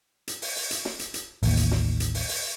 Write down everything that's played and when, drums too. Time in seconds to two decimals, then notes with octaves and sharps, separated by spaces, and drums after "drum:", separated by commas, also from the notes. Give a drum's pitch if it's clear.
0.28 drum: hi-hat
0.42 drum: open hi-hat
0.56 drum: open hi-hat
0.71 drum: hi-hat
0.85 drum: snare
0.99 drum: hi-hat
1.14 drum: hi-hat
1.43 A1 D#2, drum: open hi-hat
1.57 drum: hi-hat
1.71 drum: snare
2.00 drum: hi-hat
2.15 drum: open hi-hat
2.29 drum: open hi-hat